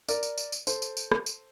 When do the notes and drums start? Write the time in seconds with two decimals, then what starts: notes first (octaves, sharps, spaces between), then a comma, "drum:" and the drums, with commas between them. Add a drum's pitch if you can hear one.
0.09 A#4 D5, drum: tambourine
0.23 drum: tambourine
0.38 drum: tambourine
0.52 drum: tambourine
0.67 A4 C5, drum: tambourine
0.82 drum: tambourine
0.97 drum: tambourine
1.12 drum: rim click
1.26 drum: tambourine